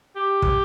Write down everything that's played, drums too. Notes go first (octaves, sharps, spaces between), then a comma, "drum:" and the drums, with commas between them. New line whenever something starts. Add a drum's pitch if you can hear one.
G4
drum: kick